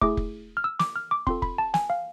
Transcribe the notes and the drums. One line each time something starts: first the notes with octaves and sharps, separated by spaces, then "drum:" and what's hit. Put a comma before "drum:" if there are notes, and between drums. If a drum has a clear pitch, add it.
A3 E4 G#4 D6, drum: kick
drum: kick
F6
E6
D6, drum: snare
F6
D6
C4 F4 A4 C6, drum: kick
B5, drum: kick
A5
G#5, drum: snare
F5